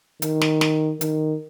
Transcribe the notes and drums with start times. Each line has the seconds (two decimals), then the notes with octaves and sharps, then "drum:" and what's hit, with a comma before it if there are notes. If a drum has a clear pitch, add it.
0.22 D#3, drum: hi-hat
0.42 drum: snare
0.61 drum: snare
1.01 D#3, drum: hi-hat